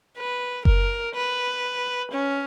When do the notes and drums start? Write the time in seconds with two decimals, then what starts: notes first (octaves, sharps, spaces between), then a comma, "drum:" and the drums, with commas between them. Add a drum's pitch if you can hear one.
0.17 B4
0.65 A#4, drum: kick F#1
1.14 B4
2.11 C#4